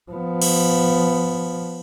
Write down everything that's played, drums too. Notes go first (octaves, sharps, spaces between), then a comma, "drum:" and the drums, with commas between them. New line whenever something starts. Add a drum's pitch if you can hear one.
F3 B3
drum: cymbal